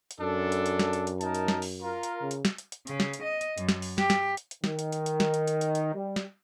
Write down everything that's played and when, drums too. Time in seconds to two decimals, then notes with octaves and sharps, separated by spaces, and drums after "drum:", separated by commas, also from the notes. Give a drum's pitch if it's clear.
0.11 drum: hi-hat
0.20 F#2 D4 A4
0.52 drum: hi-hat
0.66 drum: hi-hat
0.79 drum: snare
0.93 drum: hi-hat
1.07 drum: hi-hat
1.21 D#4 A#4 A5, drum: hi-hat
1.35 drum: hi-hat
1.48 drum: snare
1.62 drum: open hi-hat
1.82 F4 A#4
2.03 drum: hi-hat
2.21 C#3
2.31 drum: hi-hat
2.45 drum: snare
2.58 drum: hi-hat
2.72 drum: hi-hat
2.87 C#3, drum: hi-hat
3.00 drum: snare
3.13 drum: hi-hat
3.23 D#5
3.41 drum: hi-hat
3.58 F#2, drum: hi-hat
3.69 drum: snare
3.82 drum: open hi-hat
3.98 G4, drum: snare
4.10 drum: snare
4.37 drum: hi-hat
4.51 drum: hi-hat
4.64 D#3, drum: snare
4.79 drum: hi-hat
4.92 drum: hi-hat
5.06 drum: hi-hat
5.20 drum: snare
5.34 drum: hi-hat
5.48 drum: hi-hat
5.61 drum: hi-hat
5.75 drum: hi-hat
5.94 G3
6.16 drum: snare